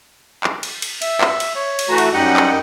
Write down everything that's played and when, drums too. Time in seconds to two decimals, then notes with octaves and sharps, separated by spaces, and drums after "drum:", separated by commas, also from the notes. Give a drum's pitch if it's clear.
0.44 drum: clap
0.63 drum: cymbal
0.82 drum: cymbal
1.02 E5, drum: cymbal
1.21 drum: clap
1.40 drum: cymbal
1.56 C#5
1.79 drum: cymbal
1.89 E3 A3 F#4 A#5
1.98 drum: cymbal
2.13 F#2 G3 D#4 G4 D#5 F#5
2.37 drum: clap